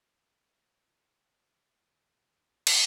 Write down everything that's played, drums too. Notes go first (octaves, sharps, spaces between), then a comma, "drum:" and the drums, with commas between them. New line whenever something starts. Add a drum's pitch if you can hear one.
D3
A#1
D#2
A#1
F#2, drum: cymbal